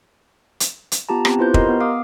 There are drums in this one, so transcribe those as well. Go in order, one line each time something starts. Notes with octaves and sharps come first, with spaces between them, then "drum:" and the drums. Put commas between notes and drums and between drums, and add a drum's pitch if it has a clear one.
drum: hi-hat
drum: hi-hat
B3 F4 G4 A5 A#5
B3 C4 G4, drum: rim click
E4 F4 B4 C5 G6
G4 A#4 D#5 A#5 C6, drum: kick
B3
F5 D6 D#6 F6